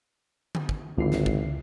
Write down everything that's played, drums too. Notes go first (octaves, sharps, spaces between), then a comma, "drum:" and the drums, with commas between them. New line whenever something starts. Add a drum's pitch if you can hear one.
drum: tom D3
drum: kick
G#1 C#2 D3 E3 F4 C7
drum: snare
drum: kick